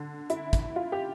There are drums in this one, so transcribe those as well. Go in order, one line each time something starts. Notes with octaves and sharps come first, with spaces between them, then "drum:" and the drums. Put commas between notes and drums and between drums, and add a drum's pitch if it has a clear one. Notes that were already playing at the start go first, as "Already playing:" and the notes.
Already playing: D3
E4, drum: hi-hat
drum: kick, hi-hat
F4
G4